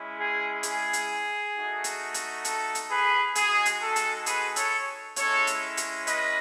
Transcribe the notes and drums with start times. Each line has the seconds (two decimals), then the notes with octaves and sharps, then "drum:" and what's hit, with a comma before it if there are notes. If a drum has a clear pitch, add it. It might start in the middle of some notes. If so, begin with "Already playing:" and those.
Already playing: G#3 C#4 E4
0.17 G#4
0.63 G#4, drum: hi-hat
0.93 drum: hi-hat
1.54 A3 D#4 F#4
1.84 drum: hi-hat
2.14 drum: hi-hat
2.45 A4, drum: hi-hat
2.75 drum: hi-hat
2.90 G#4 B4
3.35 G#3 D#4 F#4 G#4, drum: hi-hat
3.66 drum: hi-hat
3.81 A4
3.96 drum: hi-hat
4.26 G#4 B4, drum: hi-hat
4.56 A4 C#5, drum: hi-hat
5.16 G#3 C#4 E4 A4 C#5, drum: hi-hat
5.47 drum: hi-hat
5.77 drum: hi-hat
6.07 B4 D#5, drum: hi-hat